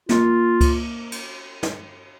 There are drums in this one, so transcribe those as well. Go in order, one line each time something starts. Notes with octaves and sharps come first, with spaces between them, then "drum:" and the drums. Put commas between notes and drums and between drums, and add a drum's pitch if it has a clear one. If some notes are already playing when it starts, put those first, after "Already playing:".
A#3 F4, drum: snare
drum: kick C#2, cymbal
drum: cymbal
drum: snare